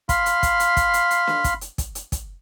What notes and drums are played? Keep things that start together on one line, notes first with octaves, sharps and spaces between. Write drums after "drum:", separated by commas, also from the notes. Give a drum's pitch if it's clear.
F5 B5 C6, drum: kick, hi-hat
drum: hi-hat
drum: kick, hi-hat
drum: hi-hat
drum: kick, hi-hat
drum: hi-hat
drum: hi-hat
drum: snare
drum: kick, hi-hat
drum: hi-hat
drum: kick, hi-hat
drum: hi-hat
drum: kick, hi-hat